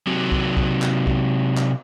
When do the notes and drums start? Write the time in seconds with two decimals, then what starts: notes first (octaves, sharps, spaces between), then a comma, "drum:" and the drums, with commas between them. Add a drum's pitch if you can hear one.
0.07 C3 F#3
0.32 drum: kick B1
0.57 drum: kick B1
0.82 drum: clap
1.07 drum: kick B1
1.57 drum: clap